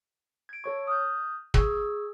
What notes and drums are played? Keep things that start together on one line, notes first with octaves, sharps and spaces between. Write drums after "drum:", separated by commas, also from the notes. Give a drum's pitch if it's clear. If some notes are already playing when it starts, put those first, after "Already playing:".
G#6 D7
A4 C#5 C#6
D#6 F6 G6
G#4 C#6 E6 G#6, drum: kick